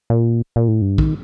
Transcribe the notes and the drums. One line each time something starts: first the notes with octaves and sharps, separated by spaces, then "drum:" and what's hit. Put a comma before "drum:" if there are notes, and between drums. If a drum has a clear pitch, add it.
A#2
A#2
A2
G2
D#3, drum: kick